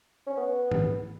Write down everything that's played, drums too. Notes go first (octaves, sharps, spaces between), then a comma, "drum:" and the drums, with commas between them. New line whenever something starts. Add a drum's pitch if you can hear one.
C#4
B3
drum: tom